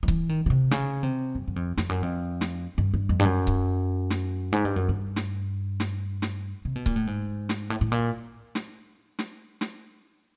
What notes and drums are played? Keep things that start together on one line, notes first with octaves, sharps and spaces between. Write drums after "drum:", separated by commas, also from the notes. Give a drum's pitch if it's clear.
F3
E3, drum: kick C#1
D#3
C#3
C3
C#3, drum: snare
C3
F#2
F#2
F2
F2, drum: snare
F#2
F2
drum: snare
G2
G2
F2
G2
F#2
drum: kick C#1
drum: snare
G#2
G2
F#2
G2
drum: snare
drum: snare
drum: snare
C3
B2
A#2, drum: kick C#1
A2
G#2
drum: snare
A2
A2
A#2
drum: snare
drum: snare
drum: snare